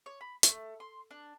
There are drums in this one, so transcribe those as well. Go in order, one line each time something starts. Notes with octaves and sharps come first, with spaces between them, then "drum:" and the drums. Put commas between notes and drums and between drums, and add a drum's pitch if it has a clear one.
C#5
B5
A3, drum: hi-hat
C6
D4